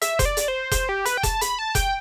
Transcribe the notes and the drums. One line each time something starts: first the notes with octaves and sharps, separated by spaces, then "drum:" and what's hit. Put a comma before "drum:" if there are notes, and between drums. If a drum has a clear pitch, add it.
E5, drum: hi-hat
C5, drum: kick F1, hi-hat
D5
drum: hi-hat
C5
C5, drum: kick F1, hi-hat
G4
B4, drum: hi-hat
G5
A5, drum: kick F1, hi-hat
B5, drum: hi-hat
A5
G5, drum: kick F1, hi-hat